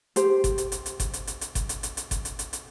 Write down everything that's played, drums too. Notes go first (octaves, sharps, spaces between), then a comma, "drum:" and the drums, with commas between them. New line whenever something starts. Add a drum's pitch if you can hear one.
G4 C5, drum: hi-hat
drum: kick G1, hi-hat
drum: hi-hat
drum: hi-hat
drum: hi-hat
drum: kick G1, hi-hat
drum: hi-hat
drum: hi-hat
drum: hi-hat
drum: kick G1, hi-hat
drum: hi-hat
drum: hi-hat
drum: hi-hat
drum: kick G1, hi-hat
drum: hi-hat
drum: hi-hat
drum: hi-hat